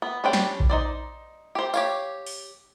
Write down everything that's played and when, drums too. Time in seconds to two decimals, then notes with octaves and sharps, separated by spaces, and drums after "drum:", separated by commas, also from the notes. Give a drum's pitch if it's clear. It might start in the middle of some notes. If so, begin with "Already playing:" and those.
0.02 B3
0.24 G3 C#4 D4 C5 G5
0.33 drum: snare
0.60 drum: kick A#1
0.69 D#4 C5 D5
1.55 G4 C5
1.74 G4 C#5 F5, drum: tambourine
2.26 drum: open hi-hat